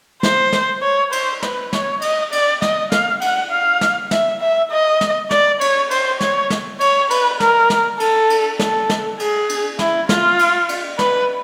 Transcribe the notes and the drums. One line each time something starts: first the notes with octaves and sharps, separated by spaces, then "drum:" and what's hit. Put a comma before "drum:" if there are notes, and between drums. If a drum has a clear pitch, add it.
C5, drum: snare
drum: snare
C#5
C5, drum: cymbal
B4, drum: snare
C#5, drum: snare
D#5, drum: cymbal
D5, drum: cymbal
D#5, drum: snare
F5, drum: snare
F#5, drum: cymbal
F5
drum: snare
E5, drum: snare
E5
D#5
drum: snare
D5, drum: snare
C#5, drum: cymbal
C5, drum: cymbal
C#5, drum: snare
drum: snare
C#5, drum: cymbal
B4, drum: cymbal
A#4, drum: snare
drum: snare
A4, drum: cymbal
drum: cymbal
A4, drum: snare
drum: snare
G#4, drum: cymbal
drum: cymbal
E4, drum: snare
F4, drum: snare
drum: cymbal
drum: cymbal
B4, drum: snare